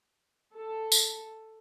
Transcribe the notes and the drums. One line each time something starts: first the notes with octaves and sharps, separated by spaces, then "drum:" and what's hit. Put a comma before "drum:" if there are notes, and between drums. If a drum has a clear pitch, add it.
A4
drum: tambourine